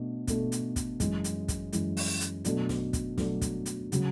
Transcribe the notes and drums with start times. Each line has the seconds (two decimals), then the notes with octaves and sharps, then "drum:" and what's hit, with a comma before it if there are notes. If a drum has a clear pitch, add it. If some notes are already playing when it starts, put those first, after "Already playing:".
Already playing: B2 A3 D4
0.27 B2 A3 D4 A4, drum: kick, hi-hat
0.52 drum: hi-hat
0.76 drum: kick, hi-hat
1.00 F#2 E3 G#3, drum: kick, hi-hat
1.24 drum: hi-hat
1.48 drum: kick, hi-hat
1.73 F#2 E3 G#3, drum: hi-hat
1.97 drum: open hi-hat
2.21 drum: hi-hat
2.45 B2 F#3 A3 D4 A4, drum: hi-hat
2.69 drum: snare
2.93 drum: kick, hi-hat
3.18 B2 F#3 A3 D4 A4, drum: snare
3.42 drum: kick, hi-hat
3.66 drum: hi-hat
3.92 C#3 F#3, drum: hi-hat